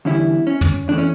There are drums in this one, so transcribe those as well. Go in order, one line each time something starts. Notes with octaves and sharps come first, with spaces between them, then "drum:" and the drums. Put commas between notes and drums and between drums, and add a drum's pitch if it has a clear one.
E2 D3 G3 C#4 E4
C#4
drum: tom
E2 E3 A3 D4
C#4